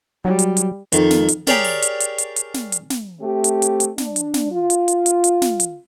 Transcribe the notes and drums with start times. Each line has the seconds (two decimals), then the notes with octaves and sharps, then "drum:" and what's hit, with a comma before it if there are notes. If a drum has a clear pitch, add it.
0.25 F#3 G3
0.39 drum: hi-hat
0.57 drum: hi-hat
0.92 F2 D#3, drum: hi-hat
1.11 drum: snare
1.28 drum: hi-hat
1.47 G4 G#4 A#4 C#5 D5 G5, drum: snare
1.64 drum: open hi-hat
1.82 drum: hi-hat
2.00 drum: hi-hat
2.18 drum: hi-hat
2.36 drum: hi-hat
2.54 drum: snare
2.72 drum: hi-hat
2.90 drum: snare
3.21 A3 C4 G4
3.44 drum: hi-hat
3.62 drum: hi-hat
3.80 drum: hi-hat
3.98 D4, drum: snare
4.16 drum: hi-hat
4.34 drum: snare
4.52 F4
4.70 drum: hi-hat
4.88 drum: hi-hat
5.06 drum: hi-hat
5.24 drum: hi-hat
5.42 drum: snare
5.60 drum: hi-hat